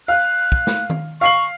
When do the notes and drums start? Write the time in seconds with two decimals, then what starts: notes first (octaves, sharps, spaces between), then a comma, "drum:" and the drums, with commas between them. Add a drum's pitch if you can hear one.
0.08 F5 F#6
0.52 drum: kick
0.67 drum: snare A3
0.90 drum: tom D#3
1.21 F5 C#6 C7 F#7